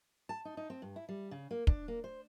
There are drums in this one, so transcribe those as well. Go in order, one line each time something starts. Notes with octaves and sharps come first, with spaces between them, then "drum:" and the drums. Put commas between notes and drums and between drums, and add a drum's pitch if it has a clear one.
A5
D#4
D#4
C4
G2
E4
G3
C#3
A#3
D4, drum: kick
A#3
C5